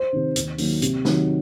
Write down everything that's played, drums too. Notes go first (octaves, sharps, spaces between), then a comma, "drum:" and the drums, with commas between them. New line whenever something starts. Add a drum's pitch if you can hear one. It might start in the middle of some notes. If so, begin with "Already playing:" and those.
Already playing: C5
C3 D#3
D#2, drum: hi-hat
D#3 F#3 A#3, drum: open hi-hat
C3, drum: hi-hat
D#3 F#3, drum: snare